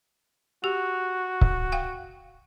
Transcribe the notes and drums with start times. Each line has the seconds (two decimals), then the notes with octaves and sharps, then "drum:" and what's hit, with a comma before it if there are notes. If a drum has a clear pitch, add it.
0.64 F#4 G4
1.41 drum: kick C#1
1.72 F5 G5